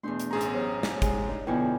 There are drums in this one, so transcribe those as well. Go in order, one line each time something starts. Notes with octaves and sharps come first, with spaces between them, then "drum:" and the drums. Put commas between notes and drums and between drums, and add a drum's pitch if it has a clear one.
E2 B2 A3 D4 C6
drum: hi-hat
A1 C#4 G#4 C5 A#5
drum: hi-hat
F#3 G4 C5 F5 F#5
drum: snare
G#3, drum: kick, hi-hat
D4 D#4
F2 B2 D3 E4 B4 G5 G#5